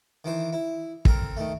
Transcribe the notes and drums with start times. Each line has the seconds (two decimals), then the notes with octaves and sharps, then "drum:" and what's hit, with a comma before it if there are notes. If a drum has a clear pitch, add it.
0.24 D#3 E3 C5
0.53 E4
1.05 C4 A4 A#4, drum: kick
1.37 D#3 A3